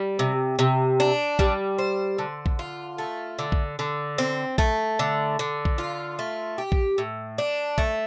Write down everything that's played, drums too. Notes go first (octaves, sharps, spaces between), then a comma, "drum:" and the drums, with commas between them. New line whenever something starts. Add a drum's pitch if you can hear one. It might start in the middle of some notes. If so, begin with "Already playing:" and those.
Already playing: G3
C3
C3
D4
G3, drum: kick A#1
C5
D3
drum: kick A#1
F4
A3
D3
drum: kick A#1
D3
C4
A3, drum: kick A#1
D3
D3
drum: kick A#1
F4
A3
G4
drum: kick A#1
A2
D4
A3, drum: kick A#1